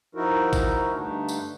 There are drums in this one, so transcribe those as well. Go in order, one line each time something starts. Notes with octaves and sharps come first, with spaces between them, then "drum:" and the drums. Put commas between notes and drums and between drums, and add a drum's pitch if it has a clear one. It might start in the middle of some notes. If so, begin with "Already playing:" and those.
F3 D#4 E4 F#4 A#4
drum: kick, tambourine
G2 D3 A3 D4 D#4
drum: tambourine